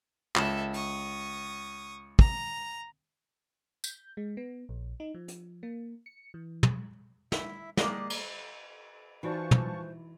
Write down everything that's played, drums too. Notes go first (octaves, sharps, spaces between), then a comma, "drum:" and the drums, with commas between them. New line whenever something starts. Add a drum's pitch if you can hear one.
C#2 A4 E5, drum: clap
C#6 D#6, drum: hi-hat
A#5, drum: kick
G6, drum: tambourine
G#3
B3
A#1
D#4
F3
drum: hi-hat
A#3
C#7
E3
drum: tom
E4 E5, drum: snare
G#3 A#3 G4 D5 D#5, drum: snare
drum: cymbal
E3 D#4 F4 F#4 C5 D5 A5 C#6
drum: tom